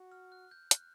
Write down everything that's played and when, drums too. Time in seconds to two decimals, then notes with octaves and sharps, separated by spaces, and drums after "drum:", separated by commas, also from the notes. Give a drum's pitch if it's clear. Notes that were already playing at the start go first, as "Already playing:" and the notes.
Already playing: F#4
0.12 F6
0.32 F#6
0.51 G6
0.71 F#6, drum: hi-hat